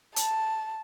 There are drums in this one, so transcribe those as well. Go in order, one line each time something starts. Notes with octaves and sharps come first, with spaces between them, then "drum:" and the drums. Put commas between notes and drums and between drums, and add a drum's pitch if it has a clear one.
A5, drum: hi-hat